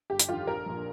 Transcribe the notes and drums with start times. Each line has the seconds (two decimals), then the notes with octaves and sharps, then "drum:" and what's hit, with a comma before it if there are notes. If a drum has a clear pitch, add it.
0.10 G1 G4
0.20 drum: hi-hat
0.29 F2 D#3 F4
0.47 A#1 A#4
0.66 A#2 F3